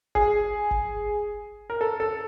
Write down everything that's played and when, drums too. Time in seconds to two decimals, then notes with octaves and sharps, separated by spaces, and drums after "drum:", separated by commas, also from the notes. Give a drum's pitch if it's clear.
0.15 G#4, drum: kick
0.71 drum: kick
1.70 A#4
1.81 A4
2.00 A4